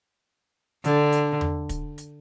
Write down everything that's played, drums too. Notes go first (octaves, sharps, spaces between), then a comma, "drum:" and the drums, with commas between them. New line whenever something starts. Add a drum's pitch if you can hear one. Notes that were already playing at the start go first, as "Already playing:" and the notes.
D3, drum: hi-hat
drum: hi-hat
drum: tom E2
drum: kick, hi-hat
drum: hi-hat